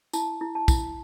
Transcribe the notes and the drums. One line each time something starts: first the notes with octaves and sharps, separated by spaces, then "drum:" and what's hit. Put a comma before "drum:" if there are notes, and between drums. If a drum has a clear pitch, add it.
E4 A5, drum: tambourine
E4
A5
E4, drum: kick, tambourine